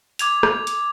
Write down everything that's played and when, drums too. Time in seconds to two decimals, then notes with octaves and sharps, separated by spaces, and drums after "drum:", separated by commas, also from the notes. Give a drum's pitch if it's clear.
0.19 D6 G#6 F7, drum: hi-hat
0.43 drum: rim click
0.67 drum: hi-hat